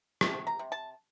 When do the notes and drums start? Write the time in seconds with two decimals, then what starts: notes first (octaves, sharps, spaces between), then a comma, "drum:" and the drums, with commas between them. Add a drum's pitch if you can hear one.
0.21 C3 A5, drum: rim click
0.47 A#5
0.59 C3
0.72 A5